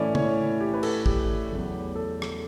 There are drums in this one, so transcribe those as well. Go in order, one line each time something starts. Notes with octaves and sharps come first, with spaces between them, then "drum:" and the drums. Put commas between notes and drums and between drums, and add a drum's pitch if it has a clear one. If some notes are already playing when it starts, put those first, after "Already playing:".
Already playing: A2 E3 A3 C#4 E4 D5 E5
C#5, drum: tom C#3
G4
B4
A4, drum: cymbal
G4, drum: kick
E2 C#3 F#3 A3
A4
drum: rim click